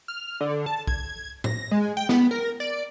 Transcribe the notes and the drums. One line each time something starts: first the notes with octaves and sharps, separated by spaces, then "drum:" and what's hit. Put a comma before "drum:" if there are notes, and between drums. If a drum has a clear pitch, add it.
F6
D3
A5
G#6, drum: kick
A#6, drum: tom A2
G#3
G5
B3, drum: snare
A#4
D5